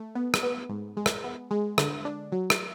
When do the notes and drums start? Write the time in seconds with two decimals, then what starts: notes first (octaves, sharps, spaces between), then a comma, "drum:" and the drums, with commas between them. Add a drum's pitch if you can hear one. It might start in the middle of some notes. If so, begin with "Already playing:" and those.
Already playing: A3
0.15 B3
0.34 drum: rim click
0.43 B3
0.69 G#2
0.97 G#3
1.06 drum: rim click
1.24 B3
1.51 G#3
1.78 D3, drum: rim click
2.05 D4
2.32 F#3
2.50 drum: rim click